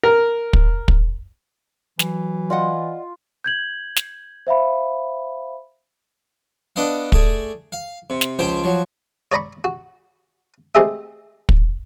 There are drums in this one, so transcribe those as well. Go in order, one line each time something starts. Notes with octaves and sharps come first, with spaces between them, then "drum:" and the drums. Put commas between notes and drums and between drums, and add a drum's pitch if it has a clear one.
A#4
drum: kick
drum: kick
E3 F#3, drum: snare
F4 D5 D#5 F#5
G6 G#6 F#7
drum: snare
C5 E5 F5 B5
B3 D4 D#5 F5
A3 G#4 D5, drum: kick
F5
C3
drum: snare
C#2 F3 G4 C5 G5
F3 F#3
C#5 D5 A#5 B5 C#6
F#4
A3 C4 G4 G#4 D#5 E5
drum: kick